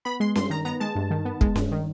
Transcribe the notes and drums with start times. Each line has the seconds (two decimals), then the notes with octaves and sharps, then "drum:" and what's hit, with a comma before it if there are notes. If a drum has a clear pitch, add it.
0.05 B3 B5
0.20 G#3 C6
0.35 G2 C6, drum: snare C#4
0.50 D#3 A#5
0.65 B3 A#5
0.80 G#3 A5
0.95 G2
1.10 D#3
1.25 B3
1.41 G#3, drum: kick
1.56 G2, drum: snare C#4
1.71 D#3